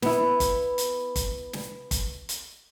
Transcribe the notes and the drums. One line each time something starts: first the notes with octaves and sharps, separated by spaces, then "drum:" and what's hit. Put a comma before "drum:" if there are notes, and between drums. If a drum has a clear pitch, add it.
B3 E4, drum: snare
drum: kick, hi-hat
drum: hi-hat
drum: kick, hi-hat
drum: snare
drum: kick, hi-hat
drum: hi-hat